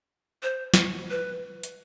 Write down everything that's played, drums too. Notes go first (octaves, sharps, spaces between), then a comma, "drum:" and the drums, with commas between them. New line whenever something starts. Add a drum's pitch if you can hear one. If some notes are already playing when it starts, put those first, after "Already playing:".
C5
drum: snare
B4
drum: hi-hat